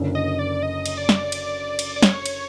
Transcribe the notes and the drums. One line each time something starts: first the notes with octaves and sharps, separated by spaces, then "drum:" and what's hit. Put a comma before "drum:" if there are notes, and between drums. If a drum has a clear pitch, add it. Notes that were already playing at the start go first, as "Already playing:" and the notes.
Already playing: F#1 F#2 D3
D#5
D5
D#5
drum: cymbal
D5
drum: snare
drum: cymbal
drum: cymbal
D5
C#5, drum: snare
drum: cymbal